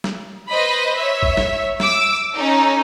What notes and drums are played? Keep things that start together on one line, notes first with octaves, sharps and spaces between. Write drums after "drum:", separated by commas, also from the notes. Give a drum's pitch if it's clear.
drum: snare
B4 C5 D#5 B5
C#5 E5
drum: kick G#1
drum: snare
D6 E6, drum: snare
C#4 D#4 A4